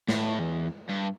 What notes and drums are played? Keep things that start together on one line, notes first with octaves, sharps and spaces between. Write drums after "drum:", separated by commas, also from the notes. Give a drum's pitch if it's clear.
A2, drum: snare
E2
G2